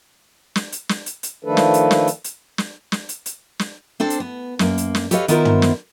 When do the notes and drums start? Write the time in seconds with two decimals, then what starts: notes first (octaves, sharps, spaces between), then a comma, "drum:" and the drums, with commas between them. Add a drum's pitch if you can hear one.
0.56 drum: snare
0.72 drum: hi-hat
0.89 drum: snare
1.06 drum: hi-hat
1.23 drum: hi-hat
1.44 D#3 F3 A3 D4 A4 B4
1.57 drum: snare
1.74 drum: hi-hat
1.91 drum: snare
2.07 drum: hi-hat
2.24 drum: hi-hat
2.58 drum: snare
2.92 drum: snare
3.09 drum: hi-hat
3.26 drum: hi-hat
3.59 drum: snare
4.00 C4 D4 A4 C5
4.10 drum: hi-hat
4.20 B3
4.59 F#2 A#3, drum: snare
4.78 drum: hi-hat
4.95 drum: snare
5.11 G4 A4 B4 C#5 D#5 F5, drum: hi-hat
5.28 D#3 B3 E4 F4 A#4 C5, drum: hi-hat
5.45 drum: tom
5.62 drum: snare